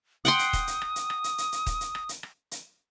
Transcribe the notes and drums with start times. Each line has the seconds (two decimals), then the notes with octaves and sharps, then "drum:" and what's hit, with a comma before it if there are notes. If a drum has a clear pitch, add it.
0.25 F#5 G5 C6 D#6, drum: hi-hat
0.39 drum: hi-hat
0.53 drum: kick D#1, hi-hat
0.67 drum: hi-hat
0.82 drum: rim click
0.96 drum: hi-hat
1.10 drum: rim click
1.24 drum: hi-hat
1.38 drum: hi-hat
1.52 drum: hi-hat
1.66 drum: kick D#1, hi-hat
1.81 drum: hi-hat
1.95 drum: rim click
2.09 drum: hi-hat
2.23 drum: rim click
2.51 drum: hi-hat